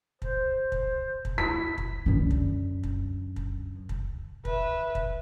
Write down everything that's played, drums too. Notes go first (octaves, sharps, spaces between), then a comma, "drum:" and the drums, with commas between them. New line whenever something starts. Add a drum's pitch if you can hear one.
C5, drum: kick
drum: kick
drum: kick
E4 B6
drum: kick
F#2 D3
drum: kick
drum: kick
drum: kick
drum: kick
B4 E5, drum: kick
drum: kick